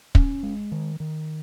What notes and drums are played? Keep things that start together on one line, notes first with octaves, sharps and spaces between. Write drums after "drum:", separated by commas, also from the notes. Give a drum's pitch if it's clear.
C#4, drum: kick
G#3
D#3
D#3